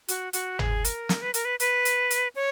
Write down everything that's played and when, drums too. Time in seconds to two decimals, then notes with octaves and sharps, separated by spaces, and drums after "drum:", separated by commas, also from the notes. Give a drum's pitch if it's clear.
0.08 F#4, drum: hi-hat
0.33 F#4, drum: hi-hat
0.59 G#4, drum: tom
0.85 A#4, drum: hi-hat
1.09 drum: snare
1.22 B4
1.34 A#4, drum: hi-hat
1.45 B4
1.60 B4, drum: hi-hat
1.85 drum: hi-hat
2.10 drum: hi-hat
2.35 C#5